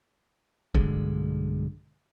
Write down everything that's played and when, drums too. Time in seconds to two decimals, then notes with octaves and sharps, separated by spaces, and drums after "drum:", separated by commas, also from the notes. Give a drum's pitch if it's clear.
0.75 B1 G2 D3 G#3, drum: kick C#1